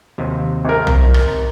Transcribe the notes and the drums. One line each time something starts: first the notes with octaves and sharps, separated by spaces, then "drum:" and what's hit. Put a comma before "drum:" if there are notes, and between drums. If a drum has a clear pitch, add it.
D#2 C3
G#1 A#4
drum: tom
drum: rim click